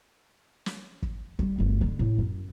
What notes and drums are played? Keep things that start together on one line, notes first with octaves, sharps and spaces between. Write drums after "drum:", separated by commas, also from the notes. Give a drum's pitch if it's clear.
drum: snare
drum: kick
G3, drum: kick
G1 A3
D3 G#3
A2
F#2